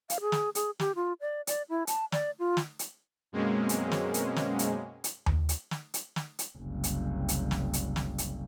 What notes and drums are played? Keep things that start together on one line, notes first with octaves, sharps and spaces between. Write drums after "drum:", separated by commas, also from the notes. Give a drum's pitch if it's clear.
F5, drum: hi-hat
G#4
drum: snare
G#4, drum: hi-hat
G4, drum: snare
F4
D5
D5, drum: hi-hat
E4
A5, drum: hi-hat
D5, drum: snare
F4
drum: snare
drum: hi-hat
F#2 B2 G#3 A#3 C4 C#4
drum: hi-hat
drum: snare
drum: hi-hat
drum: snare
drum: hi-hat
drum: hi-hat
drum: tom D#2
drum: hi-hat
drum: snare
drum: hi-hat
drum: snare
drum: hi-hat
F#1 C2
drum: hi-hat
drum: hi-hat
drum: snare
drum: hi-hat
drum: snare
drum: hi-hat